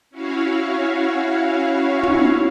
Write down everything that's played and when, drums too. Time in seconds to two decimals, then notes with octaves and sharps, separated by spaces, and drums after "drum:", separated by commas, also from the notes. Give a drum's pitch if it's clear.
0.10 C#4 E4 F#4 C#5 F5
2.03 drum: tom